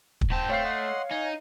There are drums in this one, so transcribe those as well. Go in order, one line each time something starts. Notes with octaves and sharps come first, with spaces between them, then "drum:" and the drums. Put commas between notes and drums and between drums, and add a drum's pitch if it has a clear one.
drum: kick
G#2 C4 G5 A5
A3 C#5 F5 C7
D#5 F#5 C6
D#4 G#5